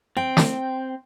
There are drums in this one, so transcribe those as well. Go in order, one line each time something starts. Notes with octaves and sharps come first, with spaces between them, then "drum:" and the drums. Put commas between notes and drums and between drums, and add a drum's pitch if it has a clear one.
C4 G5
drum: snare